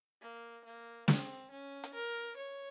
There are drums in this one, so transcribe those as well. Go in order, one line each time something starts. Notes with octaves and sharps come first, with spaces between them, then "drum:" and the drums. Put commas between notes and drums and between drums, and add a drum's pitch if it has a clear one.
A#3
A#3
C4, drum: snare
C#4
drum: hi-hat
A#4
C#5